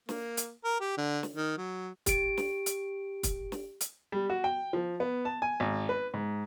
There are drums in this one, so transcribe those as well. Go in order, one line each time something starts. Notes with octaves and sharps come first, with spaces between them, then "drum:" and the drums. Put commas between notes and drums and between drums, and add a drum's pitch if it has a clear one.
A#3, drum: snare
drum: hi-hat
A#4
G4
D3
drum: snare
D#3
F#3
G4 D7, drum: kick, hi-hat
drum: snare
drum: hi-hat
drum: kick, hi-hat
drum: snare
drum: hi-hat
G3
F#4
G5
F3
B3
A5
G#5
G#1
B4
G#2